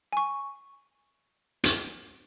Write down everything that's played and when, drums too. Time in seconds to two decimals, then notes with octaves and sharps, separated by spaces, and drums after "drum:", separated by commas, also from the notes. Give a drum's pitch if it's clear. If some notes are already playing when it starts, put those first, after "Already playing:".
0.13 G#5 C#6
1.64 drum: hi-hat